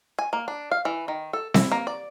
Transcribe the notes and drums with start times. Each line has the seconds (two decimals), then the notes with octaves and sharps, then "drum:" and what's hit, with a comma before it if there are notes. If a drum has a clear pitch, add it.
0.19 G#5
0.33 A#3
0.48 D4
0.71 F5
0.85 E3
1.08 D#3
1.33 A4
1.54 E4, drum: snare C4
1.72 A#3
1.87 D5